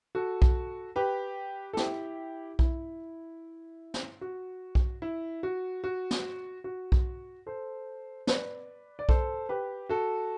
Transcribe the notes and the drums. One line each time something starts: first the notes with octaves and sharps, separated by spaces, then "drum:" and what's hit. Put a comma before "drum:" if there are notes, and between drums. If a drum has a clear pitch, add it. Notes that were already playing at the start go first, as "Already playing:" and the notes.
F#4 A4
drum: kick B1
G4 B4
A4
E4 G4, drum: snare
E4, drum: kick B1
drum: snare
F#4
drum: kick B1
E4
F#4
F#4
drum: snare
F#4
drum: kick B1
A4 C5
B4 D5, drum: snare
D5
A4 C5, drum: kick B1
G4 B4
F#4 A4